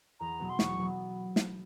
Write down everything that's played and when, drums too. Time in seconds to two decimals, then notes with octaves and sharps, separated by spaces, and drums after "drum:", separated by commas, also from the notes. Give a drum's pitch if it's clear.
0.20 E2 A#5
0.39 B2 F#3 B3
0.49 C6
0.59 E2 C#6, drum: snare
0.78 B2 F#3 B3
1.36 drum: snare